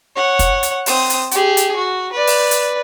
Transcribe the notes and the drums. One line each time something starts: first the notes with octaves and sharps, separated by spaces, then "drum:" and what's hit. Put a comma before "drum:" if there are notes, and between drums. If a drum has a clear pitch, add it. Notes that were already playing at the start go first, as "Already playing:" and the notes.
C#5 F#5
drum: kick, hi-hat
drum: hi-hat
C4 D#6, drum: open hi-hat
drum: hi-hat
G4 G#4, drum: hi-hat
drum: hi-hat
F#4
B4 D5
drum: open hi-hat
drum: hi-hat